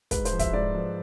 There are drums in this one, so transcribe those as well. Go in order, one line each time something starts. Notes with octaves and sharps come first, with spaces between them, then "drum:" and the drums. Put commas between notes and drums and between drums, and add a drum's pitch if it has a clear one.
G#2 B4, drum: kick, hi-hat
C5, drum: hi-hat
F3
E5, drum: kick, hi-hat
G#2 D5
F3